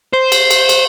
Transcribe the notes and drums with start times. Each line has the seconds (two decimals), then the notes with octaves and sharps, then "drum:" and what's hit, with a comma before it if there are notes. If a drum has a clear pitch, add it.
0.13 C5
0.32 drum: cymbal
0.51 drum: cymbal
0.69 drum: cymbal